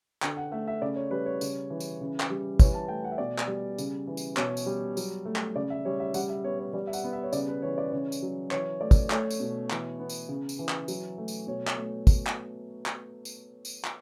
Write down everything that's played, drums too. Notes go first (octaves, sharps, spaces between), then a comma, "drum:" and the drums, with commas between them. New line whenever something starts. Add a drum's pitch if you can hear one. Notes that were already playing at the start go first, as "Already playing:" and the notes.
D3 G5, drum: clap
F#5
A3 E5
E5
C#3 D5
C#5
G3 B4
C#5
C#3, drum: tambourine
E3
drum: tambourine
C#3
drum: clap
G3
E3 C#5, drum: kick, tambourine
A5
A3 G5
F#5
E5
B2 D5
drum: clap
G3
C#3, drum: tambourine
E3
drum: tambourine
B2 C#5, drum: clap
drum: tambourine
G3
F#3, drum: tambourine
A3
drum: clap
C#3 D5
E5
G3 C#5
E5
G3 F#5, drum: tambourine
E5
B3 C#5
C#5
G3 D5
E5
F#5, drum: tambourine
B3
E5
C#5
C#3 D5, drum: tambourine
B4
E3 C#5
D5
C#3 C#5
drum: tambourine
F#3
E3 C#5, drum: clap
A3 D5
drum: kick, tambourine
A3 C#5, drum: clap
drum: tambourine
B2
E3, drum: clap
B3
drum: tambourine
C#3
drum: tambourine
E3
drum: clap
F#3, drum: tambourine
A3
drum: tambourine
B2 C#5
drum: clap
A3
drum: kick, tambourine
drum: clap
drum: clap
drum: tambourine
drum: tambourine
drum: clap